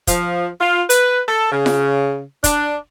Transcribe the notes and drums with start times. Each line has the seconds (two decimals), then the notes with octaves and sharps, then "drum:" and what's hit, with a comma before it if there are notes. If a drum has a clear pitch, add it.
0.07 F3, drum: kick, hi-hat
0.60 F4
0.90 B4, drum: hi-hat
1.27 A4
1.52 C#3
1.66 drum: snare F4
2.44 D4, drum: kick, hi-hat